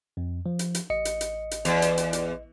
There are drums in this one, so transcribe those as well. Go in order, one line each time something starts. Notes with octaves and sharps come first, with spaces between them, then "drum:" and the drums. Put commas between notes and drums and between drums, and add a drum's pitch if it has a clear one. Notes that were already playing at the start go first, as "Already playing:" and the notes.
F2
F3
drum: hi-hat
drum: hi-hat
A1 D#5 C#7
drum: hi-hat
drum: hi-hat
drum: hi-hat
E2, drum: hi-hat
drum: hi-hat
drum: hi-hat
drum: hi-hat